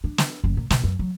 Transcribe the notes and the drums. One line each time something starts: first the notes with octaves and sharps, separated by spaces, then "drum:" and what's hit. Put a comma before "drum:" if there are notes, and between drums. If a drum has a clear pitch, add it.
D4
drum: snare
F#1
A#2
B2, drum: snare
F#2
F#3